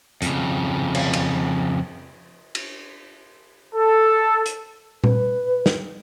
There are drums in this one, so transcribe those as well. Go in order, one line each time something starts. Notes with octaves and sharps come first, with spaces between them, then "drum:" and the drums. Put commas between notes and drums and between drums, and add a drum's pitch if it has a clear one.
F2 C#3, drum: hi-hat
drum: cymbal
drum: cymbal
drum: cymbal
A4
drum: hi-hat
B4, drum: tom A#2
drum: snare